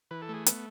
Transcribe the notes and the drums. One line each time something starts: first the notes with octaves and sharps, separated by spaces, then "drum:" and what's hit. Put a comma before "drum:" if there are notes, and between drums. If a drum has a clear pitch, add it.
E3 B4
A4
A3 G#4
B3, drum: hi-hat